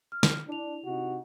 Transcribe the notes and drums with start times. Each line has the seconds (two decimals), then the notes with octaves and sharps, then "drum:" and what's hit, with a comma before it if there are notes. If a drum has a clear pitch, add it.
0.12 F6
0.23 drum: snare
0.48 D4 E4 F7
0.85 C3 D#4 F#4